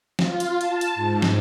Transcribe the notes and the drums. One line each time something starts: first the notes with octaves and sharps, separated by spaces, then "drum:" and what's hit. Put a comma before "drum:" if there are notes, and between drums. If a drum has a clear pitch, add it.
F4, drum: snare
drum: hi-hat
A5, drum: hi-hat
drum: hi-hat
G#2
drum: snare